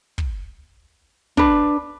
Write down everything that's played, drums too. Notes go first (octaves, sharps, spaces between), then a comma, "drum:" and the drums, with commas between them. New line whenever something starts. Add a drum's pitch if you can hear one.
drum: kick
D4 B4, drum: kick